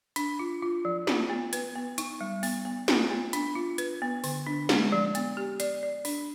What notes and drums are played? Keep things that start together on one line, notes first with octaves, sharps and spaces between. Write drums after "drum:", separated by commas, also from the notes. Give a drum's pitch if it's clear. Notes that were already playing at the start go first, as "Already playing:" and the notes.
D4, drum: hi-hat
F4
F4
F3
F4, drum: snare
B3
B4, drum: hi-hat
B3
D#4, drum: hi-hat
G3
B3, drum: open hi-hat
B3
F4, drum: snare
B3
D4, drum: hi-hat
F4
B4, drum: hi-hat
B3
D3, drum: open hi-hat
D4
G#3, drum: snare
F3
B3, drum: hi-hat
G4
D5, drum: hi-hat
D5
D4, drum: open hi-hat